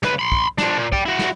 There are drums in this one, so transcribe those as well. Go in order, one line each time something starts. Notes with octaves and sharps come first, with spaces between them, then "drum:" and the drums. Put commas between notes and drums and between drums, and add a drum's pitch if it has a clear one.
C#2 B4, drum: snare
B5 C6
drum: kick
F3 D4, drum: snare
A#2
D5 G5, drum: kick
E4 F#4
drum: snare